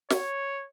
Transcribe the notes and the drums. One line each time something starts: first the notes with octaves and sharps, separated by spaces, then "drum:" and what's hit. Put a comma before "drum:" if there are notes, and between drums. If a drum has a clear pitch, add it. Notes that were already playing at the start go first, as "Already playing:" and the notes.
C#5, drum: snare